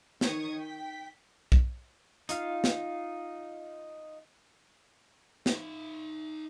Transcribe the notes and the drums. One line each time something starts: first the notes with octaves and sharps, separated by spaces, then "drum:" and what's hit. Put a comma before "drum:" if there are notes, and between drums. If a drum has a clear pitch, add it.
D#3 C#5 C#6 D#6 G#6, drum: snare
G5 B6
drum: kick
D#4 F4 F5, drum: hi-hat
drum: snare
D#4 E5, drum: snare